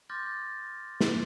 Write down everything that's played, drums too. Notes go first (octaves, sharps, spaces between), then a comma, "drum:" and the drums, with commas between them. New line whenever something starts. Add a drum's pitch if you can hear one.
C6 D6 F6 G6 A6 A#6
drum: snare